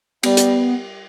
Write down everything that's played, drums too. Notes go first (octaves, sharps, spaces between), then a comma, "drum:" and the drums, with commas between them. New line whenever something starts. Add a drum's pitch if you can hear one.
G3 B3, drum: cymbal
drum: hi-hat